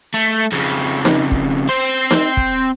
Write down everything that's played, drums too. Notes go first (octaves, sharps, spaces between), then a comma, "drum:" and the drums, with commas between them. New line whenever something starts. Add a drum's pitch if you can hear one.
A3
F2 C#3
drum: snare D#4
drum: kick
C4 C5
drum: snare D#4
drum: kick